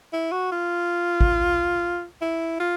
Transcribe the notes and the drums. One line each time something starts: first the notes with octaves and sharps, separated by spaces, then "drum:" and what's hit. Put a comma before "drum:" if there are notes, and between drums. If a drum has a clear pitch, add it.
E4
F#4
F4
drum: kick
E4
F4